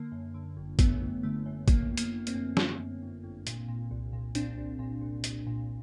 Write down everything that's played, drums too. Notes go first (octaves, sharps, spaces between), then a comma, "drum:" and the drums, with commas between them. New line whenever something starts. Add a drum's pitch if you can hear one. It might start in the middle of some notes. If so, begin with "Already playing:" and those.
Already playing: D3 A#3
F#2
D3
G1
F#2 A3 B3, drum: kick, hi-hat
G1
D3 A3
F#2
F#2 A#3, drum: kick, hi-hat
G1
A#3, drum: hi-hat
G1
A#3 C4, drum: hi-hat
F#2
G1, drum: snare
F#2
G1
G1
A#2, drum: hi-hat
A#2
C2
A#2
A#2 C4 D4, drum: hi-hat
C2
A#2
C2
C2, drum: hi-hat
A#2